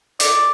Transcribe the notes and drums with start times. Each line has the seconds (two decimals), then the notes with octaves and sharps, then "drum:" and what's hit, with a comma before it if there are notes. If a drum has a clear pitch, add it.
0.20 D5, drum: hi-hat